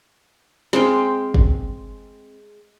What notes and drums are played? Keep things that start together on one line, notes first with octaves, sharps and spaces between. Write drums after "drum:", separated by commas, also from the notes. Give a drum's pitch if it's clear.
G#3 C4 F5 G5, drum: snare
drum: kick